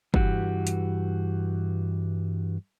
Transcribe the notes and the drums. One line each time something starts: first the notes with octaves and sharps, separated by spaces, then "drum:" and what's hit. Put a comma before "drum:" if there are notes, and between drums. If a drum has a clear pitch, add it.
G2 E3 F#4 G4, drum: kick
drum: hi-hat